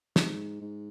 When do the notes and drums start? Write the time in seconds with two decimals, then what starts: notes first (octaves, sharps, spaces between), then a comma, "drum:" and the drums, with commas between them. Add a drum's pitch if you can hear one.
0.16 G#2, drum: snare
0.61 G#2